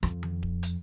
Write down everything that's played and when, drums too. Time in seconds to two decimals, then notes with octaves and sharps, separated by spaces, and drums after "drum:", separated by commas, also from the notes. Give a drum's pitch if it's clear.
0.03 F2, drum: rim click
0.23 drum: tom D#3
0.43 drum: kick D1
0.63 drum: hi-hat